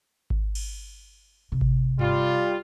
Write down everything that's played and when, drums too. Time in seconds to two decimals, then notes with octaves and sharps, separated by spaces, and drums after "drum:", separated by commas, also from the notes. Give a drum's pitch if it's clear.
0.30 drum: kick G#1
0.55 drum: cymbal
1.52 C3
1.61 drum: kick G#1
1.99 G3 F4, drum: tom G2